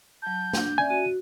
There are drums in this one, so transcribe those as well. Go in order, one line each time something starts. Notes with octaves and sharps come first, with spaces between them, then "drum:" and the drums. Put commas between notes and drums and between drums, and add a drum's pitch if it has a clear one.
F#3 A5 G6
D4, drum: snare
C#4 D5 E5 G#5
F#4 D#7